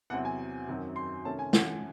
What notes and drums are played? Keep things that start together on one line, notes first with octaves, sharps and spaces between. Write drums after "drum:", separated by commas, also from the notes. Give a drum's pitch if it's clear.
E2 C3 F#3 C4 F#5
G#5
F#2 D#3 F#3 C4
C6
C3 D#3 A3 C#4 A5
G#5
F#5, drum: snare